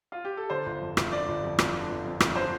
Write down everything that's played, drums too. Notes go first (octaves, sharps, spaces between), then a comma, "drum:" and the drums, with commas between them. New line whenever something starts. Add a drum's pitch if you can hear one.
F4
G4
A4
D3 C5
G1
F2
G1, drum: rim click
D3 D5
G1
F2
G1, drum: rim click
D3
G1
F2
G1, drum: rim click
D3 C5